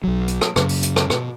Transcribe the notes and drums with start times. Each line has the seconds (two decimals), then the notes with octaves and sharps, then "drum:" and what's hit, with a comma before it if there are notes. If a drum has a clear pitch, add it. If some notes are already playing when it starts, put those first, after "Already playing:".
0.04 B1 F#3
0.28 drum: hi-hat
0.41 drum: rim click
0.56 F#2 C#3, drum: rim click
0.69 drum: open hi-hat
0.83 drum: hi-hat
0.96 drum: rim click
1.10 B2, drum: rim click